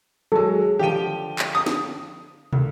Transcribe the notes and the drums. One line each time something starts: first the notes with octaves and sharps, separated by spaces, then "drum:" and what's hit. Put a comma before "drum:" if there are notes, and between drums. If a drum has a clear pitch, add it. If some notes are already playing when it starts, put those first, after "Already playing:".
F#3 G#3 A4
D3 F3 G4 G5 D#7
drum: clap
D#6
drum: snare
D2, drum: tom